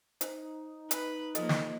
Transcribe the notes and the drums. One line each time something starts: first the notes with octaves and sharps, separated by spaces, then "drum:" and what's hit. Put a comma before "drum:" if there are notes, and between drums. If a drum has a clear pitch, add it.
D#4 C5, drum: hi-hat
B4, drum: hi-hat
F3 A#3 A4 D#5, drum: hi-hat
drum: snare